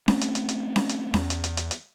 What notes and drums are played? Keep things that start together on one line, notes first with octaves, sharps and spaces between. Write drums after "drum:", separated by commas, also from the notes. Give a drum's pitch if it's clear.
A3 C4 C#4, drum: snare C#4
drum: hi-hat
drum: hi-hat
drum: hi-hat
drum: snare C#4
drum: hi-hat
E2, drum: snare C#4
drum: hi-hat
drum: hi-hat
drum: hi-hat
drum: hi-hat